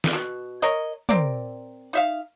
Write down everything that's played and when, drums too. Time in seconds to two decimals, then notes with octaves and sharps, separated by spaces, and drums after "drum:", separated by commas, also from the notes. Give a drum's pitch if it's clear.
0.04 drum: snare
0.13 B2
0.62 A#4 C#5 D#5
1.09 C4 A#4 D5, drum: tom
1.93 D#4 E5 F5